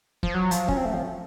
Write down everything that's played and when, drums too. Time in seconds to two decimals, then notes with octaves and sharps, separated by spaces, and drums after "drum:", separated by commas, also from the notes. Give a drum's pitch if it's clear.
0.23 F3, drum: kick
0.34 F#3
0.51 F3, drum: hi-hat
0.68 C#4, drum: kick
0.77 C4
0.85 A3
0.94 F3